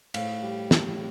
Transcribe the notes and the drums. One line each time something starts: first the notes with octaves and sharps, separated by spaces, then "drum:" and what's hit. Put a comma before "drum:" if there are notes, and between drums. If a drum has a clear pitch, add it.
A2 F5, drum: cymbal
G3
A2, drum: snare